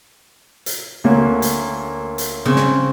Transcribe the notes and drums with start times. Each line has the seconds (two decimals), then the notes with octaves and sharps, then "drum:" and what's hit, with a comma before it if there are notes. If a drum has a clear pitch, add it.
0.66 drum: hi-hat
1.04 D2 A#3 C#4
1.42 drum: hi-hat
2.18 drum: hi-hat
2.45 C#3 C4
2.56 drum: snare